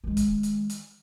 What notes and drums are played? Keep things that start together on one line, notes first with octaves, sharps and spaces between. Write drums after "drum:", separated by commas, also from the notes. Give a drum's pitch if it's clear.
D#3 G#3
drum: kick C#1, hi-hat
drum: hi-hat
drum: hi-hat